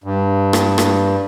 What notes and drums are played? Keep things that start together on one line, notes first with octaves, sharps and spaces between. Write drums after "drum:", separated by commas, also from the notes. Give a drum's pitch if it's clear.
G2
drum: rim click
drum: rim click